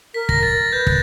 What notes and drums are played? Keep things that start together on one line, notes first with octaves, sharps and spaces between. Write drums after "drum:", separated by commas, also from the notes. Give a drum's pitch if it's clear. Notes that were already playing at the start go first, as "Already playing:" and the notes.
A#4 B6
A#6, drum: kick
A6
B4 G6
drum: kick